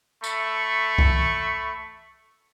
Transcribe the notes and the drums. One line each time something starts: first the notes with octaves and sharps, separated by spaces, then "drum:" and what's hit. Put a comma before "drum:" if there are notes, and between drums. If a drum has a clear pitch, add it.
A3 B5 C#6, drum: tambourine
drum: kick C2